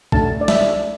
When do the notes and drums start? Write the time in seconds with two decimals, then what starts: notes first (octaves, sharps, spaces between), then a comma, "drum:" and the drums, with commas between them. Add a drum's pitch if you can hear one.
0.12 A3 D4 F#4 A5, drum: kick
0.41 D5
0.48 E5, drum: snare